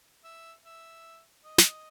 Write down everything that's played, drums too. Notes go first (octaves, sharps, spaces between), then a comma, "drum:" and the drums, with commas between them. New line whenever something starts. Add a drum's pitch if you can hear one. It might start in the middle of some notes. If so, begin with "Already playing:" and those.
E5
E5
D#5
drum: snare